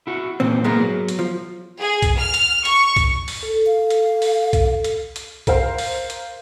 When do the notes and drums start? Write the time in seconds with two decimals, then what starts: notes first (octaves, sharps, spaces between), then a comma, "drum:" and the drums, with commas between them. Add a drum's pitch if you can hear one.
0.07 E4 F#4
0.40 A#2 E3 C4 C5
0.64 G#2 G#3 A#3 B3 E4 A#4
0.80 F#3
1.08 drum: hi-hat
1.19 F3
1.80 G#4
2.02 drum: kick C2, hi-hat
2.18 F6
2.34 drum: hi-hat
2.65 C#6, drum: hi-hat
2.96 drum: kick C2, hi-hat
3.28 drum: open hi-hat
3.43 A4
3.66 F5
3.90 drum: hi-hat
4.22 drum: open hi-hat
4.53 drum: kick C2, hi-hat
4.84 drum: hi-hat
5.16 drum: hi-hat
5.47 A#4 C5 F5, drum: kick C2, hi-hat
5.78 drum: open hi-hat
6.10 drum: hi-hat